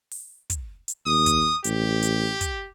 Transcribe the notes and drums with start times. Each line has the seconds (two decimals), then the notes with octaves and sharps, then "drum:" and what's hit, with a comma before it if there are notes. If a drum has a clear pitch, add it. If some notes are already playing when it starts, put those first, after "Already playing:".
0.11 drum: open hi-hat
0.50 drum: kick, hi-hat
0.88 drum: hi-hat
1.06 D#2 D#6
1.26 drum: kick, hi-hat
1.64 A1 G4, drum: hi-hat
2.02 drum: hi-hat
2.41 drum: kick, hi-hat